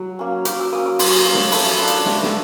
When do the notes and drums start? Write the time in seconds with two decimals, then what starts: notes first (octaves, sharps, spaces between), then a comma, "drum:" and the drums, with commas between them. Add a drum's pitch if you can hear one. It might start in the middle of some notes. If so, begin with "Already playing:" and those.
Already playing: F#3
0.19 A#3 C#4
0.45 F#3 D6, drum: hi-hat
0.59 E6
0.72 A#3 C#4 D#6
0.86 D6
0.99 F#3 C6, drum: open hi-hat
1.09 C#6
1.20 C6
1.25 A#3 C#4
1.34 drum: snare
1.52 A3 B5, drum: open hi-hat
1.78 D4 F4
1.88 drum: hi-hat
2.06 A3, drum: snare
2.23 drum: snare